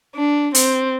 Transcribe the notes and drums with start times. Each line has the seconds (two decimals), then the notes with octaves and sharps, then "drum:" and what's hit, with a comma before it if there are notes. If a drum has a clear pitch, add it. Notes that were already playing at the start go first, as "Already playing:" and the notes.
0.15 D4
0.55 C4, drum: hi-hat